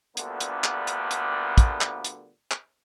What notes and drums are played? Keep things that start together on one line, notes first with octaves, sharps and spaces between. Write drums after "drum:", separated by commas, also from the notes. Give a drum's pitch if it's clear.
D2 A#2 D3 G3 A#3 B3, drum: hi-hat
drum: hi-hat
drum: clap
drum: hi-hat
drum: hi-hat
drum: kick, hi-hat
drum: clap
drum: hi-hat
drum: clap